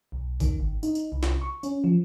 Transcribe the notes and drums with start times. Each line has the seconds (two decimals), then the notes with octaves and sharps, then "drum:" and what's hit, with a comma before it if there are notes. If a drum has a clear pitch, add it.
0.12 B1
0.40 D#3, drum: kick A#1, tambourine
0.60 G#1
0.83 D#4, drum: tambourine
0.95 drum: tambourine
1.12 C2
1.23 drum: snare
1.41 C#6
1.63 C#4, drum: tambourine
1.84 F3